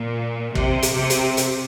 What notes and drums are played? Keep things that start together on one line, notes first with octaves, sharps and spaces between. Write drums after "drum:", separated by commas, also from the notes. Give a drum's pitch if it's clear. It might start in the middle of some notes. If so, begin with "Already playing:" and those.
Already playing: A#2
C3, drum: kick
drum: hi-hat
C3
drum: hi-hat
drum: hi-hat